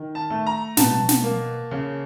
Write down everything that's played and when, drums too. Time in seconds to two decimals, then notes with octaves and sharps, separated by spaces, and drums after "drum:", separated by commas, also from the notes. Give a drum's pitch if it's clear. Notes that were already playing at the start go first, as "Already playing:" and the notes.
Already playing: D#3
0.15 A5
0.30 A3
0.46 A#5
0.77 B2 A5, drum: snare
1.09 drum: snare
1.24 A#3
1.71 C#3